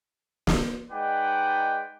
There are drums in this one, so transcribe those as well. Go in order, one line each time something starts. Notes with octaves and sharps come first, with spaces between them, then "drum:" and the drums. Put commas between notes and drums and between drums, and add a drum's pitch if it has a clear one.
drum: snare
G#3 D#4 B4 D5 F#5 G5